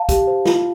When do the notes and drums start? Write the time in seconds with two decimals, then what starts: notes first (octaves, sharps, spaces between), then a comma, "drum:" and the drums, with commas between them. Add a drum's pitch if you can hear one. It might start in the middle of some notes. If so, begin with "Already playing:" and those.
Already playing: F5 A5
0.09 G4, drum: kick, hi-hat
0.27 C5
0.46 F4, drum: snare